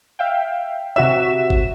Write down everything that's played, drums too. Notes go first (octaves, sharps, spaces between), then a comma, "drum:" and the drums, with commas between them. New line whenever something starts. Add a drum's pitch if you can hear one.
E5 F5 G5
C3 F#4 E5 E7
drum: kick G#1